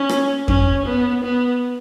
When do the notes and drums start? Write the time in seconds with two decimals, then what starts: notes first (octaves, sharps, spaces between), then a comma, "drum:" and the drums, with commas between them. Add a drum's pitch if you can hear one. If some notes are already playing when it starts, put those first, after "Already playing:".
Already playing: C#4
0.09 drum: rim click
0.48 C#4, drum: kick F2
0.86 B3
1.24 B3